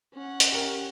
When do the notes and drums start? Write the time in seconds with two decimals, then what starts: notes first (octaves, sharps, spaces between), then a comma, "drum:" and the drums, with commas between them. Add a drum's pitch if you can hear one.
0.14 C#4 F#5
0.40 drum: hi-hat
0.52 G4 A#4